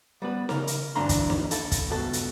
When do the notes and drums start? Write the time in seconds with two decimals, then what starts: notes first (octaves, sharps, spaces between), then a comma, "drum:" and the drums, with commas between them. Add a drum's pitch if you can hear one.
0.22 G3 B3 B4
0.49 C#3 A#4, drum: snare
0.67 drum: hi-hat
0.95 D2 G2 E3 D4 A#5 C6
1.09 drum: kick, hi-hat
1.30 drum: snare
1.51 D#2 E4 A4, drum: hi-hat
1.72 drum: kick, hi-hat
1.89 C#2 G2 B2 A4
2.13 drum: hi-hat